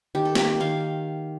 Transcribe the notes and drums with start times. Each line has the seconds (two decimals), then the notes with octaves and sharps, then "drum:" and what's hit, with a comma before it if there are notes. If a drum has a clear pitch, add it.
0.15 D#3 G4
0.25 A4
0.35 A#3 G4, drum: snare
0.60 D#3 F5